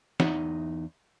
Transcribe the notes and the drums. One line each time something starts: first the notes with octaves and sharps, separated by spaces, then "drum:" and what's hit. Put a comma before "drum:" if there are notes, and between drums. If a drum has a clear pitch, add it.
E2 D#4 E5 F#5, drum: snare